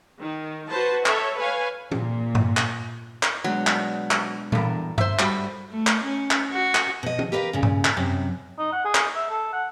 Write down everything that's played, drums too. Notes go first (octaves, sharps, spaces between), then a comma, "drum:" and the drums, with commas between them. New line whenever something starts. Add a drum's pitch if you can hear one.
D#3
F#4 B4 C5 A5
A4 C#5 E5, drum: clap
B4 C#5 F5 G#5
A#2, drum: tom
drum: tom G2
drum: clap
drum: clap
B2 F#3 G#3 D4
drum: clap
drum: clap
E2 G2 A4 A#4, drum: tom A#2
C5 E5, drum: tom G2
G3 F#4 B5, drum: clap
A3
drum: clap
C#4
drum: clap
F#4
drum: clap
B2 D#5
drum: tom
G4 A#4 B4 D#5 F5
A#2 C#3
drum: tom G2
drum: clap
F#2 C3 F#3
D#4
F#5
G#4
drum: clap
E5
A4
F#5